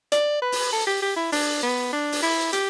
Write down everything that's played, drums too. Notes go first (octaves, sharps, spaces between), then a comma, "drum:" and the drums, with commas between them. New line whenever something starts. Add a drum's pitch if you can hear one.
D5, drum: hi-hat
B4
drum: open hi-hat
A4
G4
G4
E4
D4, drum: open hi-hat
B3
D4
drum: open hi-hat
E4
G4, drum: hi-hat